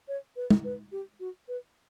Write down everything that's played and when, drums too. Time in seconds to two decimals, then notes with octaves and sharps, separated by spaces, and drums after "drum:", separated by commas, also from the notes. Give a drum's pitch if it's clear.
0.08 C#5
0.36 B4
0.50 drum: tom
0.64 B4
0.92 G4
1.20 F#4
1.48 B4